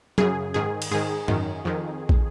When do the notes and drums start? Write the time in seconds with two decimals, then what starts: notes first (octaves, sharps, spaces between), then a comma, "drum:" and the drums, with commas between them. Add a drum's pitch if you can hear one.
0.18 F#2 C#3 G#4, drum: tom F#3
0.54 G#2 D#3 G#4
0.82 drum: cymbal
0.91 G#2 D#3 G#4
1.28 F#2 D#3, drum: tom G#2
1.65 F2 D#3
2.09 drum: kick